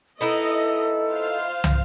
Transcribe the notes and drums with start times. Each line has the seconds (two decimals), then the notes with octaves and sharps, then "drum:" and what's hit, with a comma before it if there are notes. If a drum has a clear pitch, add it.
0.21 B3 D#4 E4 A4 D#5
1.08 F4 C5 F5
1.64 drum: tom